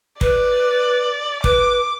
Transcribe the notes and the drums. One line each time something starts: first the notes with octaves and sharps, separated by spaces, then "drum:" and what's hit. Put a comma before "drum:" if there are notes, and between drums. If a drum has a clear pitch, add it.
B4 D5, drum: kick
B4 D6, drum: kick